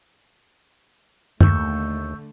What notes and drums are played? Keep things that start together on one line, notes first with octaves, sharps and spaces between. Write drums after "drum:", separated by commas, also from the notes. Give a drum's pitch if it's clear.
D#2 D3 A3 C#6 E6 G6, drum: tom F#2